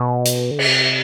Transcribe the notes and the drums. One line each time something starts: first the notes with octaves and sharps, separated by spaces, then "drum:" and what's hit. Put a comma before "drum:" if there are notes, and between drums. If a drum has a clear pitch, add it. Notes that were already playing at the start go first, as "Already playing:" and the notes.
Already playing: B2
drum: hi-hat
D3
C#3, drum: cymbal
C3